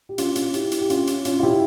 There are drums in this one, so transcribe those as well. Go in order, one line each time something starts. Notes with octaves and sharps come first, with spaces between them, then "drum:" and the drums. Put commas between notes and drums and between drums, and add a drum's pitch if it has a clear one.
G4
C#4 F4, drum: hi-hat
C#4 F4, drum: hi-hat
E4 G4, drum: hi-hat
drum: hi-hat
G4
C#4 F4, drum: hi-hat
drum: hi-hat
C#4 F4, drum: hi-hat
F4
E4 G4, drum: tom